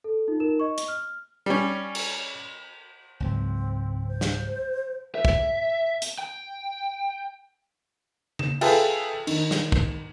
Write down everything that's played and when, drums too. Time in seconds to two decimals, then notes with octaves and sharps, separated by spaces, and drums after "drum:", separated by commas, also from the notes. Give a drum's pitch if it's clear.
0.04 A4
0.27 D#4 F4
0.40 D#4 A#4 E7
0.60 D#5 C#6
0.78 drum: hi-hat
0.88 F6
1.46 G3 C#4
1.95 drum: cymbal
3.20 C#2 G#2 F#3 C4
4.07 C5
4.21 drum: snare
5.15 E5
5.25 drum: kick
6.02 drum: hi-hat
6.19 G5
8.39 E7, drum: tom C#3
8.61 F4 G#4 A4 B4 E5 G5, drum: cymbal
9.27 D#3, drum: cymbal
9.51 drum: snare
9.72 drum: kick